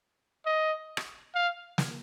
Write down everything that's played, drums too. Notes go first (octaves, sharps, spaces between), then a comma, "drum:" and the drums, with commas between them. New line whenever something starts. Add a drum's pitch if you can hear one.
D#5
drum: rim click
F5
drum: snare